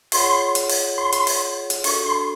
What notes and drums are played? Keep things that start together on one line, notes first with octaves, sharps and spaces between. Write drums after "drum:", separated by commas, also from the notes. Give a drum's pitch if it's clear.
F4 G#4 C#5 F#5 C6, drum: open hi-hat
drum: hi-hat
drum: open hi-hat
C6
drum: hi-hat
drum: open hi-hat
drum: hi-hat
D4 F#4 A4 C#6, drum: open hi-hat
C6